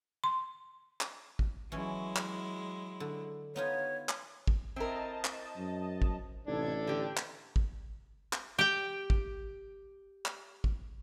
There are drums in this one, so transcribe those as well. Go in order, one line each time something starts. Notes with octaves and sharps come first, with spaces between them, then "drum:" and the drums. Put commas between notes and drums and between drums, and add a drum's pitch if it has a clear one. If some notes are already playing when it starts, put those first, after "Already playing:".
C6
drum: clap
drum: kick
E3 F#3 G#3 C#4 E4
drum: clap
D3
B3 D#4 F4 C#5
drum: clap
drum: kick
C4 E4 A#4 D#5 A5
drum: clap
F#2
drum: kick
A1 C3 D4 D#4 A4 G#6
D3 G4 D5 G5
drum: clap
drum: kick
drum: clap
G4 G5
drum: kick
drum: clap
drum: kick